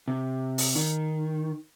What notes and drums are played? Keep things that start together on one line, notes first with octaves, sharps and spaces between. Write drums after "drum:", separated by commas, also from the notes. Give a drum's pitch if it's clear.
C3
drum: open hi-hat
D#3